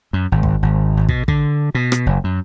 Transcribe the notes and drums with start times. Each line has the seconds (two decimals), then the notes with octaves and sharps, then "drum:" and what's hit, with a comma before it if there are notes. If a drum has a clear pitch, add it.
0.13 F#2
0.32 G#1
0.43 drum: kick
0.63 G#1
0.97 G#1
1.09 B2, drum: kick
1.28 D3, drum: kick
1.75 B2
1.92 drum: rim click
2.06 F#1
2.24 F#2